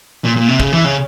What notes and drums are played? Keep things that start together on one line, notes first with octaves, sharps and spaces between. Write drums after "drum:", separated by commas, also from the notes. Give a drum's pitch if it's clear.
A#2
A#2
C3
C#3, drum: kick
E3
C#3